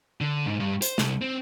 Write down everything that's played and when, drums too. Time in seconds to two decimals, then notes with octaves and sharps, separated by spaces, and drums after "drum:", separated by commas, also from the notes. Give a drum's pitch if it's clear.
0.21 D3
0.46 G#2
0.60 G2
0.82 C5, drum: hi-hat
0.98 C2, drum: snare
1.22 C4